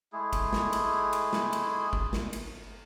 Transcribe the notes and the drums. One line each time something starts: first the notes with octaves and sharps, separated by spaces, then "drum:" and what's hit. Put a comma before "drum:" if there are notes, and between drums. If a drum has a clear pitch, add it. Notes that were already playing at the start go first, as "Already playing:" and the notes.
G#3 A3 E4 G#4
drum: kick G1, cymbal
drum: snare
drum: cymbal
drum: cymbal
drum: snare
drum: cymbal
drum: kick G1
drum: snare
drum: cymbal